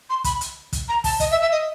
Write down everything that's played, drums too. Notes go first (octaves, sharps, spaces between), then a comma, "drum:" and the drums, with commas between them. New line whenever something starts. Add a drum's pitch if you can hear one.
C6
B5, drum: kick, hi-hat
drum: hi-hat
drum: kick, hi-hat
A#5
A5, drum: kick, open hi-hat
D#5, drum: kick, hi-hat
E5
E5
D#5